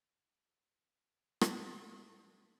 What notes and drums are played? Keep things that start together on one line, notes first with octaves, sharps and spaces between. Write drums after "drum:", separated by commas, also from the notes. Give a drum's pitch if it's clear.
B2 D4 E5 B5
C#4
A#2
drum: rim click